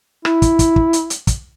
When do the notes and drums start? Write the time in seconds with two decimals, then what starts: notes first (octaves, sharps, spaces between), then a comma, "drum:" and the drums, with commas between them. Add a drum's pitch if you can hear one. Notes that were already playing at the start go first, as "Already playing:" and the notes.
0.25 E4, drum: rim click
0.42 drum: kick, hi-hat
0.59 drum: kick, hi-hat
0.76 drum: kick
0.93 drum: hi-hat
1.10 drum: hi-hat
1.27 drum: kick, hi-hat